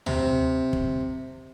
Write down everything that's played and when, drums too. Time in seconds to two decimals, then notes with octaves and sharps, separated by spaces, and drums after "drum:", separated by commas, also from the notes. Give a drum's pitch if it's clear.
0.07 C3, drum: tom D2
0.73 drum: kick